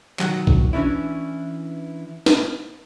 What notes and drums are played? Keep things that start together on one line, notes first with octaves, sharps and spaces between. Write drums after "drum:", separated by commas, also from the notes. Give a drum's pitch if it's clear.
B1 D#3 F#3 F#5, drum: clap
drum: kick
E3 C#4 D4 E4
drum: snare